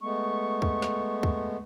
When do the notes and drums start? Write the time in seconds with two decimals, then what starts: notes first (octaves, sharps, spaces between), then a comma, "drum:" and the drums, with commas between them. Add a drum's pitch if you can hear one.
0.01 G#3 A3 B3 C#6
0.62 drum: kick
0.82 drum: snare
1.23 drum: kick